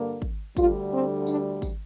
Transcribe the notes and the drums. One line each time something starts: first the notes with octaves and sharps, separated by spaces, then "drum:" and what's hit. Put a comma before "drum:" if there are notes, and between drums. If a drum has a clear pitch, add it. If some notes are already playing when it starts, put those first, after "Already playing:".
Already playing: G2 D3 A#3
drum: kick G#1
D2 D3 G3 F4, drum: kick G#1, tambourine
C4
D4, drum: tambourine
drum: kick G#1, tambourine